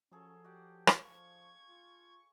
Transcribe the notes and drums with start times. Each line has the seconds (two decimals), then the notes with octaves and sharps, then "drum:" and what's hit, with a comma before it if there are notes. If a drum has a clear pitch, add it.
0.12 F3 F#3 C#4 G#4 A4
0.44 F#4 G4 D5 F#5
0.87 drum: rim click
1.05 F3 F5 C#6 G#6
1.66 F4